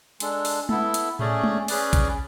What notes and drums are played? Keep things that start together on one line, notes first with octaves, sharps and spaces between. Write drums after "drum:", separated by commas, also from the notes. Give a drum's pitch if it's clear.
G#3 D4 A4, drum: hi-hat
drum: open hi-hat
B3 E4 A4, drum: tom G#3
drum: hi-hat
A3 C#4 G#4 D5, drum: tom A2
drum: tom G#3
C#4 G#4 B4 D5, drum: open hi-hat
drum: kick A#1, hi-hat